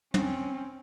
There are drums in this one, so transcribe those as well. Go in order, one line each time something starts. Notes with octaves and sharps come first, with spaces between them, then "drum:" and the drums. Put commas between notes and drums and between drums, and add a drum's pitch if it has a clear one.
C4 C#4, drum: tom